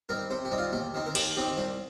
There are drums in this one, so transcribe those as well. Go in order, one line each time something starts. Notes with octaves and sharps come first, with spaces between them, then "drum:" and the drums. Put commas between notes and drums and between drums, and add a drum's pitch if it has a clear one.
G3 C4 D#4 A#4
C3 C5
G4
G3 C4 D#4
F4
D#2 G4
D#3 C4 D#4
A#4
D#2 G4, drum: cymbal
D#3 C4 D#4 G4
C2 C5